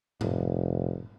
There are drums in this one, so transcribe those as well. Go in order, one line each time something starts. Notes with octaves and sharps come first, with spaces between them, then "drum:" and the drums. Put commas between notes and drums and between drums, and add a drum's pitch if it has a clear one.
F1, drum: tom G#2